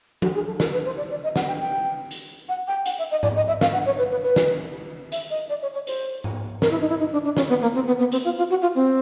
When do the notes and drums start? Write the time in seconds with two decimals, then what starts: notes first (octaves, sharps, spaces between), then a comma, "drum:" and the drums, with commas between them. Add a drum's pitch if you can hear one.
0.22 F#4, drum: tom F3
0.35 G#4
0.47 A4
0.60 A#4, drum: snare
0.73 B4
0.86 C5
0.97 D5
1.10 D5
1.24 D#5
1.36 F#5, drum: snare
1.48 G5
1.61 G5
2.11 drum: hi-hat
2.49 F#5
2.68 G5
2.86 F#5, drum: hi-hat
2.99 E5
3.11 D#5
3.23 D5, drum: tom G#2
3.36 D#5
3.48 E5
3.61 F5, drum: snare
3.73 F#5
3.86 C#5
3.98 B4
4.11 B4
4.24 B4
4.36 drum: snare
5.12 E5, drum: hi-hat
5.31 D#5
5.49 D5
5.62 C#5
5.74 C#5
5.87 C5, drum: hi-hat
6.24 drum: tom G#2
6.62 A#4, drum: snare
6.71 E4
6.81 D#4
6.89 E4
7.00 D#4
7.13 D4
7.25 D4
7.37 C#4, drum: snare
7.49 B3
7.62 A#3
7.75 C4
7.87 B3
7.99 B3
8.12 C4, drum: hi-hat
8.25 F4
8.38 F4
8.50 F#4
8.62 F4
8.75 C4